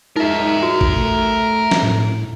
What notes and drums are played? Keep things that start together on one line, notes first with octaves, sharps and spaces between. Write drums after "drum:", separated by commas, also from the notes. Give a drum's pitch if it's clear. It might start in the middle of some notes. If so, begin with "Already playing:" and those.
G#3 D#4 A#4 E5
F#4
drum: kick
A3
drum: snare
A2